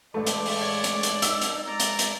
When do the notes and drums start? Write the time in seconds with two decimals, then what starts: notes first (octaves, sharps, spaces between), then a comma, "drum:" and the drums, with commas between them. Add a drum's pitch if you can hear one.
0.14 A1 G#3 A3 D5
0.26 drum: hi-hat
0.46 drum: open hi-hat
0.60 C#5
0.84 drum: hi-hat
1.03 drum: hi-hat
1.22 D#4 E6, drum: hi-hat
1.41 drum: hi-hat
1.67 G#3 D5 A#5
1.80 drum: hi-hat
1.99 drum: hi-hat